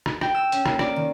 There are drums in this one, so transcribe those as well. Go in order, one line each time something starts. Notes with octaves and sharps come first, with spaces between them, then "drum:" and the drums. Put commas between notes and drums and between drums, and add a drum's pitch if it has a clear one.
drum: rim click
G5, drum: rim click
E6
C#4, drum: hi-hat
A#3, drum: rim click
D5, drum: rim click
D#3